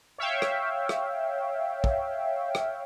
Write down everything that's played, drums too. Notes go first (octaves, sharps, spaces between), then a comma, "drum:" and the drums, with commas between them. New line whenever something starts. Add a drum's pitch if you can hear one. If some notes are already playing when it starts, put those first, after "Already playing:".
C#5 E5 F5 G5
drum: rim click
drum: rim click
drum: kick
drum: rim click